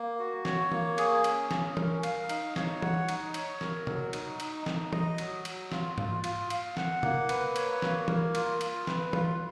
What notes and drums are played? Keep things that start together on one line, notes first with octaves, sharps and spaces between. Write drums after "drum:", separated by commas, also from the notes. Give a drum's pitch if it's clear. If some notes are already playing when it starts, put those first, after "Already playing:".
Already playing: A#3
F#4
C#5, drum: snare
A#3, drum: tom E3
G#4, drum: cymbal
C#4, drum: cymbal
C#4, drum: snare
A#4, drum: tom
F5, drum: cymbal
D#4, drum: cymbal
C#5, drum: snare
F#5, drum: tom
D#4, drum: cymbal
C#5, drum: cymbal
A#4, drum: snare
F#3, drum: tom C3
D#4, drum: cymbal
D#4, drum: cymbal
D#4, drum: snare
D#5, drum: tom
F#3, drum: cymbal
F#3, drum: cymbal
F4, drum: snare
F4, drum: tom G#2
F4, drum: cymbal
F5, drum: cymbal
F#5, drum: snare
A#3, drum: tom C3
B4, drum: cymbal
C#5, drum: cymbal
A#3, drum: snare
A#4, drum: tom
F4, drum: cymbal
F4, drum: cymbal
B4, drum: snare
F4, drum: tom